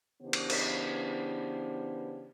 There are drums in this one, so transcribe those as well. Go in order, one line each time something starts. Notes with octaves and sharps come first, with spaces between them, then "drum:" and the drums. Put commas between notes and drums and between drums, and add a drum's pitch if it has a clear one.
C#3 E3 B3 D4 G4 C5
drum: cymbal
drum: cymbal